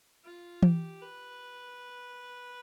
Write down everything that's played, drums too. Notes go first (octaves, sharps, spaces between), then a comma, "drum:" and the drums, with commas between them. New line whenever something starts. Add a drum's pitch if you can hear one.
F4
G4, drum: tom E3
B4